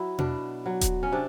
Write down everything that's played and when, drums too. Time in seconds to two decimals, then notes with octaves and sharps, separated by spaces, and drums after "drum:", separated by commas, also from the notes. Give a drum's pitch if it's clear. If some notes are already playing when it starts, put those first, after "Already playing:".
Already playing: F#3 E4
0.19 B2 D4, drum: tom B2
0.66 F#3
0.81 drum: kick D#1, hi-hat
1.03 C#4
1.12 C3 D4